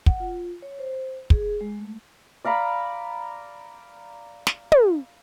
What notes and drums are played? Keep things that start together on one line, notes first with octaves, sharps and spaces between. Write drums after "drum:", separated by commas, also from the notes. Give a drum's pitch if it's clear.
F#5, drum: kick
F4
C#5
C5
G#4, drum: kick
G#3
A3
D5 F5 A#5 B5
drum: snare
drum: tom